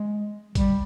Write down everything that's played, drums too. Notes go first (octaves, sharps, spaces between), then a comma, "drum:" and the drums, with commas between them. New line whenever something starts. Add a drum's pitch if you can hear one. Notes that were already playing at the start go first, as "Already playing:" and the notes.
Already playing: G#3
G3, drum: kick, hi-hat